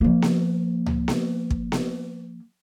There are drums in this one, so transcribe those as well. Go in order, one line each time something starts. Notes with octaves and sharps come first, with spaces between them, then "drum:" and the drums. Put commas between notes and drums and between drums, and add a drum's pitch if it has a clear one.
F3 A#3
drum: snare B3
drum: tom C#2
drum: snare B3
drum: kick
drum: snare B3